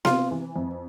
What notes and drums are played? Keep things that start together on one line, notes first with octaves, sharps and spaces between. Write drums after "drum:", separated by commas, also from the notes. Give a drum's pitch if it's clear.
C3 F4, drum: snare B3
E3
F2